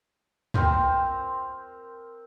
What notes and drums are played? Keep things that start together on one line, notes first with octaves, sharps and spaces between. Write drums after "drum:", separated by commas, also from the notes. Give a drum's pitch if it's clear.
C4 A#4 C5, drum: tom